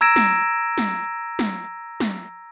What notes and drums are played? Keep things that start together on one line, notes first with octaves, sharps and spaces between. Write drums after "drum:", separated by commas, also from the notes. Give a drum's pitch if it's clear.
A#5 E6 G#6 A#6 D7 E7
drum: snare
drum: snare
drum: snare
drum: snare